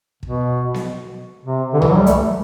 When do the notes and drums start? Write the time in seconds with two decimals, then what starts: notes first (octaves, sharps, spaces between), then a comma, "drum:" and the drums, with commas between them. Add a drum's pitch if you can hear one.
0.23 B2, drum: kick
0.74 drum: snare B3
1.45 C3
1.73 D3
1.82 E3, drum: tom C2
1.90 F#3
1.97 G3
2.06 A3, drum: hi-hat